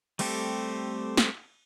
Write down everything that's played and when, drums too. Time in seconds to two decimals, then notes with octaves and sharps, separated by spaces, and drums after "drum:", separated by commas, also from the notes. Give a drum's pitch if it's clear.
0.19 G3 A3 C4 G4 A4, drum: cymbal
1.17 drum: snare